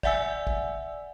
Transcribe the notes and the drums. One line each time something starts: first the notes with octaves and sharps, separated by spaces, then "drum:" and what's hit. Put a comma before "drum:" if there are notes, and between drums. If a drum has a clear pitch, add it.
D5 E5 F#5 G#5 E6, drum: kick
drum: kick